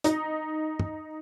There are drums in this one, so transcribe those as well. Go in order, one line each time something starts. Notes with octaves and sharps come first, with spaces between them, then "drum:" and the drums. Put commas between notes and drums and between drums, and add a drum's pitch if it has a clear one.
D#4, drum: hi-hat
drum: tom